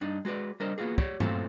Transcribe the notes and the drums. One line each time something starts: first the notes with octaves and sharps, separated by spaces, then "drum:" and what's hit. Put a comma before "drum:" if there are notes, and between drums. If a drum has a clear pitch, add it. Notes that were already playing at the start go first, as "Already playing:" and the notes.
G2 D4 D#4
G#3 F#4 G4 B4 D5
G3 D4 A#4 C5 D#5
A#3 B3 F4 F#4 G#4
G4 C#5 D5, drum: kick
F#2 A#2 F#3 A3 C4 F4, drum: tom G2